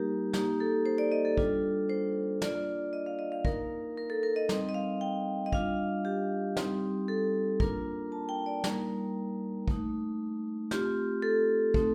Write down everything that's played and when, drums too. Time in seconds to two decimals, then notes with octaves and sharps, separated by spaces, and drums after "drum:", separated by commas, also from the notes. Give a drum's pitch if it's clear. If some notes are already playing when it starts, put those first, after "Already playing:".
Already playing: G3 A#3 D#4 G4 A#4
0.34 A#3 D#4 G4, drum: snare
0.60 A4
0.86 C5
0.98 D5
1.12 D#5
1.25 A4
1.37 G3 D4 F4 A4, drum: kick
1.90 C5
2.42 A#3 D4 F4 D5, drum: snare
2.93 D#5
3.06 F5
3.19 D#5
3.32 F5
3.45 A#3 D#4 A#4, drum: kick
3.98 A#4
4.10 A4
4.23 A#4
4.36 D#5
4.49 G3 C4 D#4 D#5, drum: snare
4.69 D#5
4.74 F5
5.01 G5
5.46 D#5
5.52 G3 D4 F4 F5, drum: kick
6.05 G4
6.57 G3 C4 D#4, drum: snare
7.08 A4
7.60 A#3 D4 F4 A#4, drum: kick
8.12 A5
8.29 G5
8.46 D5
8.64 G3 A#3 D#4 A#4, drum: snare
9.68 A3 D#4, drum: kick
10.71 A3 C4 F4 G4, drum: snare
11.22 A4
11.74 A3 C4 D#4, drum: kick